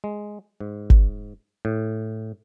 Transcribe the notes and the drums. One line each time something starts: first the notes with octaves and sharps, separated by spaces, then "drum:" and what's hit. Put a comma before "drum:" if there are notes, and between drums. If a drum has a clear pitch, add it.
G#3
G#2
drum: kick
A2